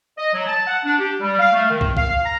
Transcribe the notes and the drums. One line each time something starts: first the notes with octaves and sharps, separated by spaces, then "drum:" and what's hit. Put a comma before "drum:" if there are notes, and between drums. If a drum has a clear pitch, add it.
D#5
F#3
A5
F#5
D4
G4
G3
F5
A3
D#3
drum: kick
F5, drum: kick
A#5